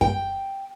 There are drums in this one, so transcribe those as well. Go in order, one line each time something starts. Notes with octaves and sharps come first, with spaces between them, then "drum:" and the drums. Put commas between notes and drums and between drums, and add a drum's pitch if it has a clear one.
G5, drum: kick F#2